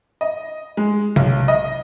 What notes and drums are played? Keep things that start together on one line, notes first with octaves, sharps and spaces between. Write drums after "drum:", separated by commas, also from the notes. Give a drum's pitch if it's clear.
D#5
G#3
B1, drum: tom C3
D#5